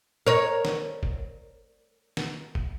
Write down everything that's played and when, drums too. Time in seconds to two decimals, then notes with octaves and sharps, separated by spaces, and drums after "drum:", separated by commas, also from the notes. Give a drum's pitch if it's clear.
0.27 A#4 C#5
0.65 drum: snare
1.03 drum: kick
2.17 drum: snare
2.55 drum: kick